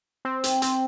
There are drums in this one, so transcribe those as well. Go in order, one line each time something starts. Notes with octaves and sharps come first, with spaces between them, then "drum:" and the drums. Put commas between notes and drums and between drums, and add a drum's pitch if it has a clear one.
C4
drum: hi-hat
C4, drum: hi-hat